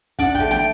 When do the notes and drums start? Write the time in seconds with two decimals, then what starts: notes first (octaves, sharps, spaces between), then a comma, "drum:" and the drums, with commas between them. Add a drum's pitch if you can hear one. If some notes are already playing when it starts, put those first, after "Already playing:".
0.19 D4 F#5, drum: kick
0.35 G5, drum: kick, hi-hat
0.40 A3
0.51 G5, drum: snare